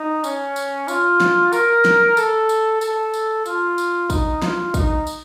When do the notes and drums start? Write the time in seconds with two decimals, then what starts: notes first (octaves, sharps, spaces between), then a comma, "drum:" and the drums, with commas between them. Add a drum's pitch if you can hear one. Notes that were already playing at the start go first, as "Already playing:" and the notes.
Already playing: D#4
0.24 C#4, drum: tambourine
0.56 drum: tambourine
0.88 F4, drum: tambourine
1.20 drum: snare
1.53 A#4, drum: tambourine
1.85 drum: snare
2.17 A4, drum: tambourine
2.49 drum: tambourine
2.81 A4, drum: tambourine
3.14 drum: tambourine
3.46 F4, drum: tambourine
3.78 drum: tambourine
4.10 D#4, drum: kick, tambourine
4.42 F4, drum: snare
4.74 D#4, drum: kick, tambourine
5.07 drum: tambourine